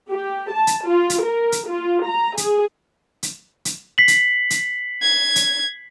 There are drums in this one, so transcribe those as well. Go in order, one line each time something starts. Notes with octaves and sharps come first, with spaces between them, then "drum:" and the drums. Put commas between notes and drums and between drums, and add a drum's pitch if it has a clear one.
G4
A5
drum: hi-hat
F4
drum: hi-hat
A#4
drum: hi-hat
F4
A#5
G#4, drum: hi-hat
drum: hi-hat
drum: hi-hat
B6 C7 F#7
drum: hi-hat
drum: hi-hat
G#6
drum: hi-hat